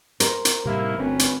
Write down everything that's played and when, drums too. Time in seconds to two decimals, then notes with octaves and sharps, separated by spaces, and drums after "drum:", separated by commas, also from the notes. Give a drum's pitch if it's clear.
0.20 A#4 C5, drum: hi-hat
0.45 drum: hi-hat
0.66 A2 C3 G3 A#3 D#4 E4
0.98 G1 D2 C4 C#4 B4
1.19 drum: hi-hat